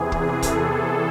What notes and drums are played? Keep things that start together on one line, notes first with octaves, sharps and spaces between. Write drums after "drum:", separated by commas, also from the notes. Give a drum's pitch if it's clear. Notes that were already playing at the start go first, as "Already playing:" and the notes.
Already playing: E2 C3 E3 G#4
drum: kick
A4, drum: kick, hi-hat